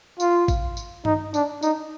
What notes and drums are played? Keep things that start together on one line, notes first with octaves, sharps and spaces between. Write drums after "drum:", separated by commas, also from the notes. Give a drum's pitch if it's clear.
F4, drum: tambourine
drum: kick A1, tambourine
drum: tambourine
D#4, drum: tom G2
D4, drum: tambourine
D#4, drum: tambourine